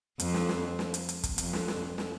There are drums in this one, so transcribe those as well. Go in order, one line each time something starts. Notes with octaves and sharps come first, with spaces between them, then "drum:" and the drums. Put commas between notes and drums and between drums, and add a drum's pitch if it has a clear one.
F2, drum: hi-hat
drum: snare
drum: snare
drum: snare
drum: hi-hat
drum: hi-hat
drum: kick, hi-hat
F2, drum: hi-hat
drum: snare
drum: snare
drum: snare